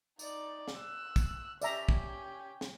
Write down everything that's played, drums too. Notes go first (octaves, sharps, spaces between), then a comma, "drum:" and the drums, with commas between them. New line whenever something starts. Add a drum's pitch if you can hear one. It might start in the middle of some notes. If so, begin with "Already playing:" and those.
D#4 D5, drum: tambourine
drum: snare
E6 F#6
drum: kick, tambourine
C#4 G4 D5 E5 A#5, drum: tambourine
drum: kick
drum: snare